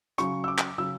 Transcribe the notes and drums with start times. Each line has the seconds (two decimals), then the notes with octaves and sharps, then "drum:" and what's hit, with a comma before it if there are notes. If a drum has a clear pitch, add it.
0.18 C#3 F#3 C#4 C#6, drum: hi-hat
0.44 E6
0.48 D6
0.58 drum: clap
0.78 C#3 F#3 C#4 E6